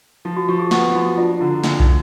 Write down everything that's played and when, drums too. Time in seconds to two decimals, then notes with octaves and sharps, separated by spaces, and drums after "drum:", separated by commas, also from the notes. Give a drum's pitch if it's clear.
0.25 F3 F4
0.37 F#4
0.48 F3 G4
0.59 G#4
0.71 B3 G4, drum: snare
0.94 F3 F#4
1.17 D4 F4
1.40 D3 E4
1.64 D3 D4, drum: snare
1.80 D#4, drum: kick